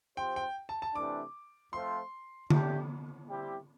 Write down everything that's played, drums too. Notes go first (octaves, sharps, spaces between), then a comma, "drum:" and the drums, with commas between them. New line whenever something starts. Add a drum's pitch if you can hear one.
F3 C4 G4 C5 G5
G5
A5
A5
C3 E3 A3 D4 D6
F3 A3 C4 F4 C5 C6
A3 D4 G4, drum: tom D3
G3 C4 E4 G4